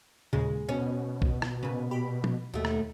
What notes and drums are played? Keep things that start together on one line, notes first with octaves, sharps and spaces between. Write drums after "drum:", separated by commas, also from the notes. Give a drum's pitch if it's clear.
D#2 A#2 C#3 G#3
B2 C#4
drum: kick
drum: rim click
A#2 C#3 B4
G4 B5
drum: tom
D#2 B2 A3
drum: rim click